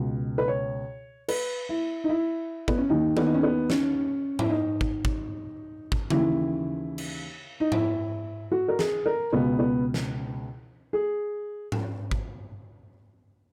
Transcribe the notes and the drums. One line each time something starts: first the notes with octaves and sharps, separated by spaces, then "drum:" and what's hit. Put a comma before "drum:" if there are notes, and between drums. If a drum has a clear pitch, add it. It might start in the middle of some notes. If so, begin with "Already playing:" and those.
Already playing: C#2 B2
B4
C#5
B4, drum: cymbal
E4
D#4
E4
B3, drum: kick
C#4
D#2 D#3 D#4
B3, drum: tom D#3
D#4
C#4
B3
C#4, drum: snare
E4, drum: tom G#2
D#4
drum: kick
drum: kick
drum: kick
D#2 C#3 E3 E4, drum: tom C#3
drum: cymbal
D#4
E4, drum: tom G#2
F#4
A#4
G#4, drum: snare
A#4
C#2 B2 B3
B3
drum: snare
G#4
drum: tom G#2
drum: kick